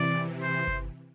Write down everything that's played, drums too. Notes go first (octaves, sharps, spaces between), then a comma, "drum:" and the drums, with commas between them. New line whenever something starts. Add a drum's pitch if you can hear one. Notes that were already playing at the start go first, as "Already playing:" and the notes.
Already playing: C3 E3 D5
C5
drum: kick G1